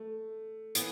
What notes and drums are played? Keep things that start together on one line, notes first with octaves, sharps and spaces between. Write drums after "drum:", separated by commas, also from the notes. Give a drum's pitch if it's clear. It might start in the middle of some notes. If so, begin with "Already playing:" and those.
Already playing: A3
E3 B3, drum: hi-hat